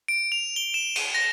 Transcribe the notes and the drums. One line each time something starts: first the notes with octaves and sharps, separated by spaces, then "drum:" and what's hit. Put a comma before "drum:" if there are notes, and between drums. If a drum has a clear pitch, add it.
D7
F7
G7
E7
D#7, drum: cymbal
A#6